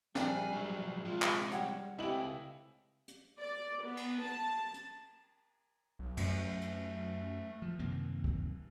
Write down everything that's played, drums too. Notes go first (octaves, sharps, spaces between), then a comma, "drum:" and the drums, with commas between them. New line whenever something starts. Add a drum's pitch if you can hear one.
A#1 G3 D4 A#4 G5 G#5, drum: snare
G#2 F#3
C3 G#3 F4
drum: clap
G3 C#5 F#5 G5, drum: hi-hat
C#2 A3 C4 E4 G4 D#5 F#7
drum: hi-hat
D5
B3
drum: cymbal
A5
drum: hi-hat
B1
F#2 A3, drum: cymbal
drum: hi-hat
F3
F#2 C3 D#3 A#3
drum: kick